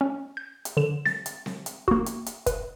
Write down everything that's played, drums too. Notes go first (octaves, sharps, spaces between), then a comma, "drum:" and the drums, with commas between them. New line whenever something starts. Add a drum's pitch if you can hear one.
C#4
G6
drum: hi-hat
D3 E7
A6, drum: snare C4
drum: hi-hat
drum: snare C4
drum: hi-hat
A#3 F#4, drum: kick
drum: hi-hat
drum: hi-hat
B4, drum: kick, hi-hat